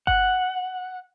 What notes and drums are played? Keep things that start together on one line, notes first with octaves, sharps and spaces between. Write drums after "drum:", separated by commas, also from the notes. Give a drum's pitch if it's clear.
F#5, drum: kick G1